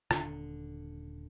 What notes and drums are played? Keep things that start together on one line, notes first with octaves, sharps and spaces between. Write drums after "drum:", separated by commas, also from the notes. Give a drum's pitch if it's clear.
D#1 D3, drum: rim click